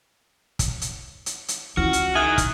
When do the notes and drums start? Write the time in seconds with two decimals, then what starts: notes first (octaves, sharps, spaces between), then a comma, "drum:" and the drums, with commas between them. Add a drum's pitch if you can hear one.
0.59 drum: kick, hi-hat
0.82 drum: hi-hat
1.26 drum: hi-hat
1.48 drum: hi-hat
1.77 C#2 E4 F#4 F6
1.93 drum: hi-hat
2.15 D#3 G#4 E5 D#6 F#6
2.38 drum: kick, hi-hat